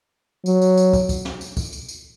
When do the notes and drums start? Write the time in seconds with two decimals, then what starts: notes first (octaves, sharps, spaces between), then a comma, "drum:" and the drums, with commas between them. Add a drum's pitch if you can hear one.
0.46 F#3, drum: tambourine
0.62 drum: tambourine
0.77 drum: tambourine
0.93 drum: kick, tambourine
1.09 drum: kick, tambourine
1.25 drum: snare
1.41 drum: tambourine
1.57 drum: kick, tambourine
1.73 drum: tambourine
1.88 drum: tambourine